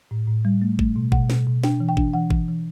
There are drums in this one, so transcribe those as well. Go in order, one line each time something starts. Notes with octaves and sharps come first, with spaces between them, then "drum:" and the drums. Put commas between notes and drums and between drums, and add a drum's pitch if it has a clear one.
A2
A2
G3
A3
A3, drum: kick
B2
B2 F#5, drum: kick
B2, drum: snare
B2
D4 G5, drum: snare
E3
G5
D4, drum: kick
E3 F#5
E3, drum: kick
E3